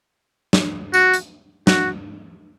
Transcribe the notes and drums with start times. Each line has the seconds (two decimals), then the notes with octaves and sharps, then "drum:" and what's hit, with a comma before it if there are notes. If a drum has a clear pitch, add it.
0.53 drum: snare
0.94 F#4, drum: tambourine
1.14 drum: hi-hat
1.67 F#4, drum: snare